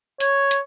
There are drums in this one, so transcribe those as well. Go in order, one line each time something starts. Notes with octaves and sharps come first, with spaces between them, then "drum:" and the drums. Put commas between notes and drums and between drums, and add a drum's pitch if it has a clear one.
C#5, drum: hi-hat
drum: hi-hat